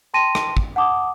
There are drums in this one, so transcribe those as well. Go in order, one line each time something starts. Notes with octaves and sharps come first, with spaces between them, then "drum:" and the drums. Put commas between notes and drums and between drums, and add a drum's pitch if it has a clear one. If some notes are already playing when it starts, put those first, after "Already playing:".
G5 A5 C6 A#6 D#7
drum: rim click
drum: kick
F#5 A5 D6 D#6